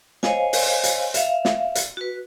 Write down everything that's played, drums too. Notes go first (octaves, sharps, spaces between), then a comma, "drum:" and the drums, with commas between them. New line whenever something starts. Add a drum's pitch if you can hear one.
C5 C#5 D#5 F5 G#5, drum: snare
drum: open hi-hat
drum: hi-hat
E5 F5, drum: hi-hat
drum: snare
drum: hi-hat
F#4 B4